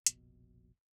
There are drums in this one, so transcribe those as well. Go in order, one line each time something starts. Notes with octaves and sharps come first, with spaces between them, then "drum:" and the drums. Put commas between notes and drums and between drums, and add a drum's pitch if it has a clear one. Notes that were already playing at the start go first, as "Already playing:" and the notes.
F1 A#1 B2, drum: hi-hat